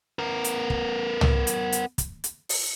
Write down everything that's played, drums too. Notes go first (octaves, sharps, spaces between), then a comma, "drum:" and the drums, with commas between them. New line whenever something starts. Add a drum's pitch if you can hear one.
B3 A#4
drum: hi-hat
drum: kick
drum: tom
drum: hi-hat
drum: hi-hat
drum: kick, hi-hat
drum: hi-hat
drum: open hi-hat